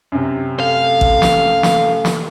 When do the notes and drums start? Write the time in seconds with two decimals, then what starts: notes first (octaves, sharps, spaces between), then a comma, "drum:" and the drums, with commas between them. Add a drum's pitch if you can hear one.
0.12 F#2 C3
0.60 A3 A4 F5
1.01 drum: kick A1
1.22 drum: snare
1.63 drum: snare
2.05 drum: snare